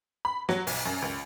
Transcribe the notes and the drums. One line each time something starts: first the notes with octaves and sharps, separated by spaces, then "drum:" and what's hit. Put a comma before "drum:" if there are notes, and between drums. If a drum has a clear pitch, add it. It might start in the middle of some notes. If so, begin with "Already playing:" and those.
B5
F#3, drum: snare
B1, drum: open hi-hat
F#2
C#2